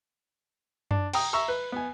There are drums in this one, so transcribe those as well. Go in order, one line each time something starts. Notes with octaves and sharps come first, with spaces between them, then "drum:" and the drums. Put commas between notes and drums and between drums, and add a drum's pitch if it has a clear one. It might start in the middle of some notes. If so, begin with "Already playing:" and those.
D4, drum: tom F#2
G5 A#5 D#6, drum: cymbal
E5 A#5 C#6 E6
B4
B3 G#5